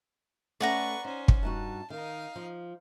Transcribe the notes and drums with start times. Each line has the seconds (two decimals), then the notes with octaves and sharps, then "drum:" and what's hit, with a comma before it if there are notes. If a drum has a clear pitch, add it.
0.60 A3 C#4 B4 D5 F#5 A#5 C#6
1.05 C#4 D#4 C5
1.28 drum: kick
1.43 G2 D#4 F#4 A5
1.90 D#3 D#4 F5
2.36 F3